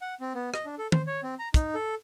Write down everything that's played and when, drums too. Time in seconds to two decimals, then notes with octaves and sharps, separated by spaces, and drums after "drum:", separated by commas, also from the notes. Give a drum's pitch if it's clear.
0.01 F#5
0.21 C4
0.35 B3
0.54 D#5, drum: rim click
0.65 D4
0.78 A4
0.92 C5, drum: tom
1.07 C#5
1.23 C4
1.39 A#5
1.54 D#4, drum: kick, hi-hat
1.75 A4